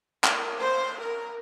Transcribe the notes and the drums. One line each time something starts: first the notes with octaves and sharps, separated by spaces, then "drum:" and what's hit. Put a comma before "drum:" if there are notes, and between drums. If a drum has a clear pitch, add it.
A#4, drum: clap
C5
A#4